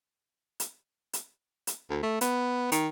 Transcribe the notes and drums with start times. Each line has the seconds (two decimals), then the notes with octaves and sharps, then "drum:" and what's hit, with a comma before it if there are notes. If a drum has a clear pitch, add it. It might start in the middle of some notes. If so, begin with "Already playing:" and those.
0.60 drum: hi-hat
1.13 drum: hi-hat
1.67 drum: hi-hat
1.90 D2
2.03 A3
2.21 B3, drum: hi-hat
2.72 D#3, drum: hi-hat